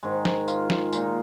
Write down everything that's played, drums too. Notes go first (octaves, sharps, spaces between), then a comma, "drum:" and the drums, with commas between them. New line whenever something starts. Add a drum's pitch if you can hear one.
G#2 D#3 G#3
drum: snare
F4, drum: tambourine
drum: snare
A#2 G#3 D#4, drum: tambourine